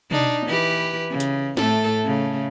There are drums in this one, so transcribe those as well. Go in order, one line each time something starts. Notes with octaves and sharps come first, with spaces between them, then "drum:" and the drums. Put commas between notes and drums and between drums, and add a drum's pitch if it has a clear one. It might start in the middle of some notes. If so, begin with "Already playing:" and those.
D4 D#4, drum: tom B2
E3 G4 B4
C#3
drum: hi-hat
A2 A3 A4, drum: snare C4
C#3 A3